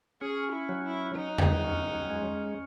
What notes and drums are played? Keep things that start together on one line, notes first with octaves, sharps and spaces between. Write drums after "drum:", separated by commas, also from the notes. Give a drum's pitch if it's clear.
C#4 G#4
E4
F#3
E4
F#3 D#4
drum: tom
C#4
G#3